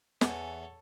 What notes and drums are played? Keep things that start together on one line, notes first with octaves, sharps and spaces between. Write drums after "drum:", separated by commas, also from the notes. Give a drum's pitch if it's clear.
E2 E3 A4 C#5 F#5 G#5, drum: snare